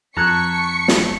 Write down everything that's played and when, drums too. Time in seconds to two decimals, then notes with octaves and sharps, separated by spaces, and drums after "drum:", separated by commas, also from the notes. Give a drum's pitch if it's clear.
0.16 F2 A5 A#5 C#6 F#6 G#6 B6 C#7
0.88 drum: snare